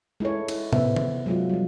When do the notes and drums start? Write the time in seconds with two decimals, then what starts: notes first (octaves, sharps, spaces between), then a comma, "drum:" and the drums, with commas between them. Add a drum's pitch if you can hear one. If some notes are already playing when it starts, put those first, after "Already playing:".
0.20 G#3 E4 A4 C#5
0.48 E4, drum: cymbal
0.73 C3 B3 C5 E5, drum: tom A2
0.96 drum: tom D3
1.26 F#3 G#3 F4
1.50 F3 G3